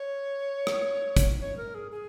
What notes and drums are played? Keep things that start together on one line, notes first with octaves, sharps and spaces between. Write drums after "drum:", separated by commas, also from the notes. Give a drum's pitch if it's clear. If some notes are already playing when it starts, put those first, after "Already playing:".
Already playing: C#5
drum: rim click
drum: kick, hi-hat
C#5
A#4
G#4
G#4